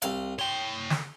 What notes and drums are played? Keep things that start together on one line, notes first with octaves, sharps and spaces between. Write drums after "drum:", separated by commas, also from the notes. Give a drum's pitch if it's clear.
C2 F5, drum: hi-hat
C#5 G5 C6
drum: snare